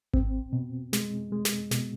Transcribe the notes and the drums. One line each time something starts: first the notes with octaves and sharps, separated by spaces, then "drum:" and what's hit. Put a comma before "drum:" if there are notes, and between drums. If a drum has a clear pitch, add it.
C4, drum: kick G#1
B2
G#3, drum: snare
G#3
drum: snare
B2, drum: snare